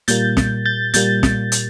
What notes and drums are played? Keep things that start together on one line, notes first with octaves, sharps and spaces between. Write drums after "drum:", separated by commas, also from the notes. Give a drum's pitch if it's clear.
A#2 G3 A#3 G6 A6, drum: hi-hat
drum: snare
G6 A6
A#2 G3 A#3 G6 A6, drum: hi-hat
drum: snare
drum: hi-hat